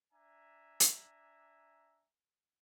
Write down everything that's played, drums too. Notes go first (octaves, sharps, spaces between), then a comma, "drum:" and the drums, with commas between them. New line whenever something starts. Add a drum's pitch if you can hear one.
D4 E5 G#5 A#5
drum: hi-hat